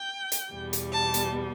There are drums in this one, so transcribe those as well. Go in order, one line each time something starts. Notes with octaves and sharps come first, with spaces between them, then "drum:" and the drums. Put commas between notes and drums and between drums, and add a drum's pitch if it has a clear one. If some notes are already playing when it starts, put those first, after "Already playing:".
Already playing: G5
drum: hi-hat
E2 B2 G3
drum: hi-hat
A5
drum: hi-hat